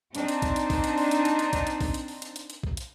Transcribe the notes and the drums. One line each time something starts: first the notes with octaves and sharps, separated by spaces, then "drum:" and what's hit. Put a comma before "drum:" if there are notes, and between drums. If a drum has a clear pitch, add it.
C4 D4 D#4 C5, drum: hi-hat
drum: hi-hat
drum: kick A#1, hi-hat
drum: hi-hat
drum: kick A#1, open hi-hat
drum: hi-hat
drum: open hi-hat
drum: hi-hat
drum: hi-hat
drum: hi-hat
drum: kick A#1, hi-hat
drum: hi-hat
drum: kick A#1, open hi-hat
drum: hi-hat
drum: open hi-hat
drum: hi-hat
drum: hi-hat
drum: hi-hat
drum: kick A#1
drum: hi-hat